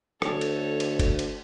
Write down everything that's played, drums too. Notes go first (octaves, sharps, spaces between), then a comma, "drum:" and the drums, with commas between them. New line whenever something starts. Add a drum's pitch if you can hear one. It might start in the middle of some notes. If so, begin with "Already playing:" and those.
D2 A4 C#5, drum: rim click
drum: cymbal
drum: cymbal
drum: kick F#1, cymbal
drum: cymbal